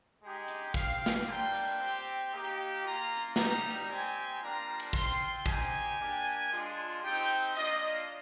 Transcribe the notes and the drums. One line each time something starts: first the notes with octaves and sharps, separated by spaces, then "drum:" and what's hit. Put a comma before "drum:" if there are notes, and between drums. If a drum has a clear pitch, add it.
G#3 D#4 G4
drum: hi-hat
C4 G4 F5, drum: kick
drum: snare
G3 A#3 D4 F4 G5
drum: open hi-hat
C4 G4
A#3 D#4 G4
A#3 F4 A#5
drum: hi-hat
G3 A#3 D#4 G4 A#5, drum: snare
C4 D#4 G4 G#5
G3 A#3 D4 F4 A#5
drum: cymbal
C4 F4 C6, drum: kick
C4 D#4 G4 G#5, drum: kick
A#3 D4 G4
G#3 D4 F4
C4 D#4 G4 G5
A#3 D4 F4 D#5, drum: tambourine